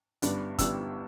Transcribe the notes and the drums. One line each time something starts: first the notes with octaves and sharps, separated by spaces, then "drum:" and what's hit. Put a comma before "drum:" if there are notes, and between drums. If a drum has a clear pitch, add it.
G1 G2 G3 B3 D4, drum: hi-hat
G1 G2 G3 B3 D4 E6, drum: kick, hi-hat